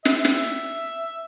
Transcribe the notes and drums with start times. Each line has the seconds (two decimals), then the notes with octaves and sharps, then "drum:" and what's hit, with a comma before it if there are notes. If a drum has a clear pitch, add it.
0.05 E5, drum: snare
0.25 drum: snare